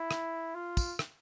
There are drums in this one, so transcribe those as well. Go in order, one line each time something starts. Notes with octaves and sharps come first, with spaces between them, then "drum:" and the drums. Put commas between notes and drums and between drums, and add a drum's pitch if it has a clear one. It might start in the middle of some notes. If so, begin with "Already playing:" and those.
Already playing: E4
drum: rim click
F4
drum: kick, tambourine
drum: rim click